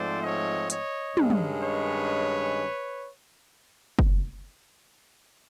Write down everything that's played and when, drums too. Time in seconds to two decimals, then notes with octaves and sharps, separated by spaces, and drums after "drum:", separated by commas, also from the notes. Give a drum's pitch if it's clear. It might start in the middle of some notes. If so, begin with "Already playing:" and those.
Already playing: G#2 F3 A3 C4 C5 D5
0.23 C#5 D#5
0.70 C#5 D#5, drum: hi-hat
1.17 G2 D#3 G#3 C#4, drum: tom
1.30 drum: tom
1.63 B4 C#5
3.99 drum: kick F#1